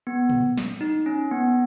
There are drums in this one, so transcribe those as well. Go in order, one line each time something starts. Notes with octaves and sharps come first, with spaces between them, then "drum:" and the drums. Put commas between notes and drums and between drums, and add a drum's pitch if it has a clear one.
B3
drum: tom
drum: snare
D#4
C#4
B3